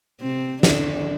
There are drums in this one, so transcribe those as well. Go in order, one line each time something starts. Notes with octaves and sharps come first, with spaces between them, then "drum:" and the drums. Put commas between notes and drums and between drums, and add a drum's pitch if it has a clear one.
C3 C4
D3 D4, drum: snare